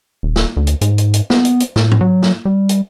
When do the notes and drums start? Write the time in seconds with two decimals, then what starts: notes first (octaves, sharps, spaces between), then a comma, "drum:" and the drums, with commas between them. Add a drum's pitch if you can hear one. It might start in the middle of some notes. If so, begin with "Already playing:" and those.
0.23 D#1
0.36 drum: snare
0.57 D2
0.67 drum: hi-hat
0.81 G#2, drum: hi-hat
0.98 drum: hi-hat
1.14 drum: hi-hat
1.30 B3, drum: snare
1.45 drum: hi-hat
1.60 drum: hi-hat
1.76 A2, drum: snare
1.91 drum: tom G#2
2.01 F#3
2.23 drum: snare
2.45 G3
2.69 drum: hi-hat